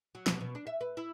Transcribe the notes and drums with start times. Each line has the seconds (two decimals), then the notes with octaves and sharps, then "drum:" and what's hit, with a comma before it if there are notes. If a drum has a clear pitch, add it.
0.15 F#3
0.27 B2, drum: snare
0.41 B2
0.55 D4
0.67 E5
0.81 B4
0.97 E4